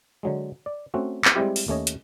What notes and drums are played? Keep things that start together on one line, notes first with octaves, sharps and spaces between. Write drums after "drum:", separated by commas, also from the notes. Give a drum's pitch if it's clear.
D3 F#3 G#3
D5
A3 C4 C#4 F#4
drum: clap
G3 G#3 C4 E4 G4
drum: open hi-hat
D#2 A3 C#4 C#5 D#5
drum: hi-hat